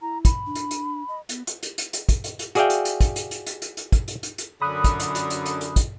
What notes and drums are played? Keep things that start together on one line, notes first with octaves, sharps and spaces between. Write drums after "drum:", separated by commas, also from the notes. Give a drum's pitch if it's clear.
E4 A#5
B5, drum: kick, hi-hat
D4
drum: hi-hat
drum: hi-hat
D#5
B3, drum: hi-hat
drum: hi-hat
drum: hi-hat
drum: hi-hat
drum: hi-hat
drum: kick, hi-hat
drum: hi-hat
drum: hi-hat
F#4 G#4 D5 E5 F5 G5, drum: hi-hat
drum: hi-hat
drum: hi-hat
drum: kick, hi-hat
drum: hi-hat
drum: hi-hat
drum: hi-hat
drum: hi-hat
drum: hi-hat
drum: kick, hi-hat
drum: hi-hat
drum: hi-hat
drum: hi-hat
F#2 D3 B5 D#6 F#6
drum: kick, hi-hat
drum: hi-hat
drum: hi-hat
drum: hi-hat
drum: hi-hat
drum: hi-hat
drum: kick, hi-hat